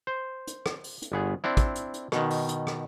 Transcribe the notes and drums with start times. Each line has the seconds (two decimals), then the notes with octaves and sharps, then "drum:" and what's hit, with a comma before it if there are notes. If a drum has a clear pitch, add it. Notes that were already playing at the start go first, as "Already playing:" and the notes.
0.07 C5
0.47 drum: hi-hat
0.66 drum: rim click
0.84 drum: open hi-hat
1.02 drum: hi-hat
1.12 G1 B3 G#4
1.44 C4 D4 E4
1.57 drum: kick, hi-hat
1.75 drum: hi-hat
1.94 drum: hi-hat
2.12 B2 D#3, drum: rim click
2.30 drum: open hi-hat
2.49 drum: hi-hat
2.67 drum: rim click